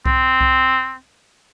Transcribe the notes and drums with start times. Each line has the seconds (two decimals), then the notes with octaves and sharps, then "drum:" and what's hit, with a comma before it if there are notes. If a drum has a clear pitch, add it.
0.06 C4, drum: kick C2
0.41 drum: kick C2